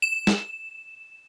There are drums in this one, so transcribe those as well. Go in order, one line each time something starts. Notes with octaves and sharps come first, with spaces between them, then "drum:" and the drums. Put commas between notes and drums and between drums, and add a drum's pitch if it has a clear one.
E7
drum: snare